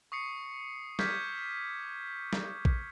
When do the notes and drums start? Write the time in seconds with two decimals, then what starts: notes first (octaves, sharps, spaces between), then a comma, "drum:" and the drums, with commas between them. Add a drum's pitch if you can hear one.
0.12 C#6 D#6 C7 C#7
0.99 C#6 D6 F6 G6 G#6 B6, drum: snare
2.33 drum: snare
2.65 drum: kick A#1